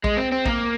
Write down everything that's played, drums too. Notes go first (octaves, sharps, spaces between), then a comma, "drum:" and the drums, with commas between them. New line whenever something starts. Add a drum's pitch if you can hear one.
G#3, drum: kick A#1
C4
C4
A#3, drum: kick A#1